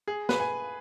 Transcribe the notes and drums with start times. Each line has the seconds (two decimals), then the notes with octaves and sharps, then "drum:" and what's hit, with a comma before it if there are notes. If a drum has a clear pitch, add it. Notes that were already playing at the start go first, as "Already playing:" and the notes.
0.08 G#4
0.29 B4, drum: snare
0.40 G#5